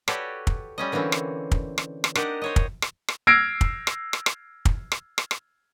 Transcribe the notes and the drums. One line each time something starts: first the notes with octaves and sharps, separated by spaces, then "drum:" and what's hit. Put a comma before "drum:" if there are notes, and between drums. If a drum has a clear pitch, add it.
F#4 G4 A4 B4 C#5 D5, drum: rim click
drum: kick
G3 C#4 D#5
D3 E3 A#3 C4 C#4
drum: rim click
drum: kick
drum: rim click
drum: rim click
D4 D#4 G4 A#4 D#5 F#5, drum: rim click
C5 C#5 D#5
drum: kick
drum: rim click
drum: rim click
E6 F6 G#6 A#6 C7 D7
drum: kick
drum: rim click
drum: rim click
drum: rim click
drum: kick
drum: rim click
drum: rim click
drum: rim click